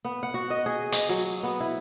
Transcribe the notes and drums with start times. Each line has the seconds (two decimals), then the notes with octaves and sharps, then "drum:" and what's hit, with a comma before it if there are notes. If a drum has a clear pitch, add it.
0.05 B3
0.23 F#5
0.34 F#4
0.50 D#5
0.66 G#4
0.92 D#5, drum: hi-hat
1.09 F#3
1.43 B3
1.60 E4